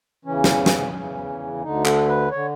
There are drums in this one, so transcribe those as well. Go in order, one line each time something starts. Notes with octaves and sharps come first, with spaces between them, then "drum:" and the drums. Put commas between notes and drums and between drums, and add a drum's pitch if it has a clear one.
E2 C#3 E3 C#4
drum: snare
drum: snare
E2 C#3 E3
D2 D3 D#4
A4, drum: clap
B4
D3 C#5